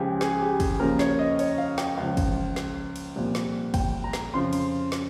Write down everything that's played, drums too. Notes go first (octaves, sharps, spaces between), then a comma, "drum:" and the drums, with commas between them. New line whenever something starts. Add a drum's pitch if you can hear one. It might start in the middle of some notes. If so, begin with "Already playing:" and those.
Already playing: C#2 C#3 F3 G4 G#4
G#4, drum: snare
G4
G#4, drum: kick, cymbal
D#2 C#3 F3 A#4
C#5, drum: snare
D#5
C#5, drum: cymbal
F5
G5, drum: snare
C#2 C#3 F3 F5
drum: kick, cymbal
drum: snare
drum: cymbal
C2 A#2 F3
drum: snare
G5, drum: kick, cymbal
A#5
drum: snare
F2 C#3 F3 C6
drum: cymbal
drum: snare